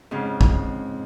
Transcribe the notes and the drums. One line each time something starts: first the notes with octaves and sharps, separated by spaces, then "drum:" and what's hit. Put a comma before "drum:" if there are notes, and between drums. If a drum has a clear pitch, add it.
F2 G#2 C#3
drum: kick